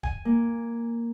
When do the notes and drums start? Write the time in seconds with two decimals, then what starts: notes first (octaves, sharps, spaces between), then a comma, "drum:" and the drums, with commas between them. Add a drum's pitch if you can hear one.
0.03 G#5, drum: kick D1
0.25 A#3